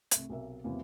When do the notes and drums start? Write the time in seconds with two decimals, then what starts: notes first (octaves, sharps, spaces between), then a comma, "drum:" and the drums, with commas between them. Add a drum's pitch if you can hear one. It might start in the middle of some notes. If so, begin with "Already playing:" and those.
0.11 C2 A3, drum: hi-hat
0.30 B1 C3 C4 A#4 E5
0.64 E2 C3 E3 F#3 A#3